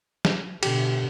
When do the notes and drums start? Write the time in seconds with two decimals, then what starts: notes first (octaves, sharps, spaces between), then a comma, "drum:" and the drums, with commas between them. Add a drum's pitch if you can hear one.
0.25 drum: snare
0.63 B2 D3 G4, drum: cymbal